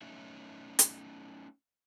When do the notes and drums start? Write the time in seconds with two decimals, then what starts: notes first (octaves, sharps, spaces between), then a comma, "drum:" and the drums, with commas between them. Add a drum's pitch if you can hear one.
0.01 A3 C#4 D#4 C#5 E5
0.79 drum: hi-hat